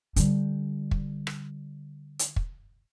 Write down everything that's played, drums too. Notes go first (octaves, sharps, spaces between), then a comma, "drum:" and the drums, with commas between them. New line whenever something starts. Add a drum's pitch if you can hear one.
D3 G3, drum: hi-hat
drum: kick
drum: rim click
drum: hi-hat
drum: kick